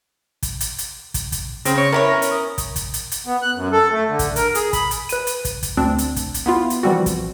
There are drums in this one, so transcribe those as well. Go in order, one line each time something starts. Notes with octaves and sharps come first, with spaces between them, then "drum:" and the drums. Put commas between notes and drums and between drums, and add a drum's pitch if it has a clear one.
drum: kick, hi-hat
drum: hi-hat
drum: hi-hat
drum: kick, hi-hat
drum: kick, hi-hat
C#3 C4 A#6, drum: hi-hat
C#5
B3 C#4 E4 A#4 C#5
A#4
drum: hi-hat
D#6
drum: kick, hi-hat
drum: kick, hi-hat
drum: hi-hat
drum: hi-hat
B3
F#6
F#2
A4
A3
D3
drum: kick, hi-hat
A#4, drum: hi-hat
G#4, drum: hi-hat
B5, drum: kick, hi-hat
drum: hi-hat
B4 D#7, drum: hi-hat
drum: hi-hat
drum: kick, hi-hat
drum: kick, hi-hat
D2 C4 D4
drum: hi-hat
drum: kick, hi-hat
drum: hi-hat
B3 E4 F4
drum: hi-hat
E3 F3 G3 C4 F#4
drum: kick, hi-hat